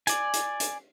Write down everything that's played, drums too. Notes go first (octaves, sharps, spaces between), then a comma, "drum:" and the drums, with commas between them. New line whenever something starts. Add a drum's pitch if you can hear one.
D5 G#5, drum: hi-hat
drum: hi-hat
drum: hi-hat